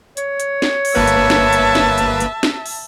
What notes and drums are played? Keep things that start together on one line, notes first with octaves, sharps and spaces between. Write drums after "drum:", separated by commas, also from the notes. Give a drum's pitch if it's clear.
C#5, drum: hi-hat
drum: hi-hat
drum: snare
drum: open hi-hat
G1 A#3 B4 E5 A5
drum: hi-hat
drum: snare
drum: hi-hat
drum: snare
drum: hi-hat
drum: hi-hat
drum: snare
drum: open hi-hat